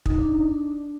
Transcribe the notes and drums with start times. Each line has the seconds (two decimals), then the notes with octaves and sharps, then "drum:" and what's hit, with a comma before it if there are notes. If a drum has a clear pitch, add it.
0.06 D#4, drum: kick
0.19 D4
0.33 D#4
0.48 D4